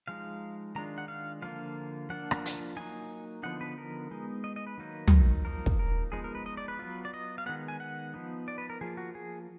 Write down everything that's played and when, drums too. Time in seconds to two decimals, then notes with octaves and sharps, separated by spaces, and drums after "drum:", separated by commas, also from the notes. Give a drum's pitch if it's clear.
0.08 F3 G#3 D#4 F5
0.75 D#3 G#3 D4 F4 A#5
0.98 F#5
1.08 F5
1.42 D3 F3 A#3 F4 F5
2.10 F3 A#3 D4 F4 F#5
2.31 drum: rim click
2.46 drum: hi-hat
2.77 F#3 A#3 D#4 G#5
3.43 D3 F3 B3 D#4 F#5
3.61 B4
3.78 A#4
4.11 G#3 B3 D#4
4.44 D#5
4.56 D#5
4.67 B4
4.78 D#3 F#3 A#3 D#4
5.08 drum: tom
5.45 F3 A#3 D#4 A#4
5.66 drum: kick
5.79 A#4
6.12 F3 G#3 B3 D#4 G#4
6.24 A#4
6.35 B4
6.46 D#5
6.57 D5
6.68 B4
6.79 F#3 B3 F4
7.05 D5
7.14 D#5
7.38 F5
7.46 D#3 G#3 B3 F#5
7.68 G#5
7.80 F#5
8.14 F3 B3 D#4
8.48 D5
8.58 B4
8.70 A#4
8.81 F3 A#3 F4 G#4
8.97 F#4
9.15 G#4